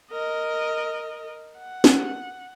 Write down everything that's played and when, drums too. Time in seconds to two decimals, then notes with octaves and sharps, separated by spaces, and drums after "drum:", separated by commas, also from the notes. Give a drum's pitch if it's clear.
0.11 A#4 D#5
1.58 F#5
1.84 drum: snare